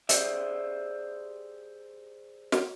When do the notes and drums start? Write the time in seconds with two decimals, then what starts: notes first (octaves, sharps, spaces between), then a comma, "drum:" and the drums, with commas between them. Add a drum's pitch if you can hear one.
0.09 G4 G#4 C5 D5 E5, drum: hi-hat
2.52 drum: snare